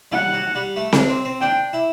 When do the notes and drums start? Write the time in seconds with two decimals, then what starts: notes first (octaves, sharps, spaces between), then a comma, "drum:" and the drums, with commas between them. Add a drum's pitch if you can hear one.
0.12 G3 F#5
0.33 F#3
0.55 G3
0.76 A3
0.93 D4, drum: snare C4
1.09 C4
1.25 C4
1.41 D4 G5
1.73 E4